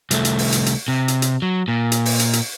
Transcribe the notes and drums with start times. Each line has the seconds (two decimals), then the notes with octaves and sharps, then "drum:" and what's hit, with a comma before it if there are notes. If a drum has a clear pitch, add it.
0.11 C2 A3, drum: hi-hat
0.25 drum: hi-hat
0.39 drum: open hi-hat
0.52 drum: hi-hat
0.66 drum: hi-hat
0.88 C3
1.08 drum: hi-hat
1.22 drum: hi-hat
1.42 F#3
1.68 A#2
1.92 drum: hi-hat
2.06 drum: open hi-hat
2.19 drum: hi-hat
2.33 drum: hi-hat